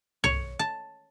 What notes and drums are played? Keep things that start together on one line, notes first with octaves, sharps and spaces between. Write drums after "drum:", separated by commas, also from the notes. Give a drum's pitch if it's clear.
C#5, drum: tom
A5